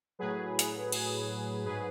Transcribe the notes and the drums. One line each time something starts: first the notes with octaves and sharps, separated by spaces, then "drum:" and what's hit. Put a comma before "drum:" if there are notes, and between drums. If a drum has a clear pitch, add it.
A2 F#3 G#4 B4
drum: hi-hat
G#4, drum: cymbal
G#2 F#3 G#4 B4